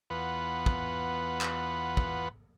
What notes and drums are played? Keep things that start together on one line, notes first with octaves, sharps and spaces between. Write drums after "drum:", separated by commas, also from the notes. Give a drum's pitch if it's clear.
E2 B3 F4 B4 F#5 B5
drum: kick
drum: clap
drum: kick